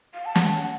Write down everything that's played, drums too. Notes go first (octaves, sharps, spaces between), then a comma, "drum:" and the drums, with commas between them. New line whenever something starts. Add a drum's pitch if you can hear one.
F5
A5
F#5, drum: snare
A5
F#5